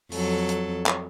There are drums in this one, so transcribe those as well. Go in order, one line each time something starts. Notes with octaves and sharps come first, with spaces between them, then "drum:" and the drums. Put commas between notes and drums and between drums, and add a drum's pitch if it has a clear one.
F2 F#3 A4, drum: open hi-hat
drum: hi-hat
drum: clap